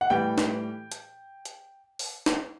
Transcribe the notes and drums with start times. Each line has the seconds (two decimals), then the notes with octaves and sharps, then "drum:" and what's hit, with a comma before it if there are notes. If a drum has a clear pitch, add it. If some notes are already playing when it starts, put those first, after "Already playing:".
0.01 F#5
0.10 A2 E3 G3 G5
0.38 drum: snare
0.92 drum: hi-hat
1.45 drum: hi-hat
1.99 drum: open hi-hat
2.26 drum: snare